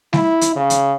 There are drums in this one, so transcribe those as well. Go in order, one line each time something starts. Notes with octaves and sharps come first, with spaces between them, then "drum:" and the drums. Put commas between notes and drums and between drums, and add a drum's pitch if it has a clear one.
E4, drum: snare G3
drum: hi-hat
C#3
drum: hi-hat